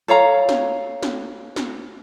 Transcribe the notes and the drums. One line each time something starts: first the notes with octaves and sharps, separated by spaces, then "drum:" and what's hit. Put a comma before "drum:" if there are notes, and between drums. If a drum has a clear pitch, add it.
A4 C#5 F5 A#5
drum: snare
drum: snare
drum: snare